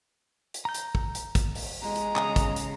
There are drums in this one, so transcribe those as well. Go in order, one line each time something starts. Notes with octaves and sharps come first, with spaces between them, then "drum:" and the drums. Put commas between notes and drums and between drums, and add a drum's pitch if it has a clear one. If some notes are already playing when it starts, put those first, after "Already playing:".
drum: hi-hat
A#5 G6
drum: hi-hat
drum: kick
drum: hi-hat
drum: kick, hi-hat
drum: open hi-hat
G#3 A#5
drum: hi-hat
C#3 D#6, drum: clap
drum: kick, hi-hat
drum: hi-hat